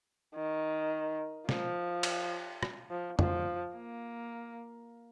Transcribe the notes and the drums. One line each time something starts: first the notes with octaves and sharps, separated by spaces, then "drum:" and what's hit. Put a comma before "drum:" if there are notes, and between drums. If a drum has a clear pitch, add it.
D#3
F3, drum: snare
drum: cymbal
drum: rim click
F3
F3, drum: tom
A#3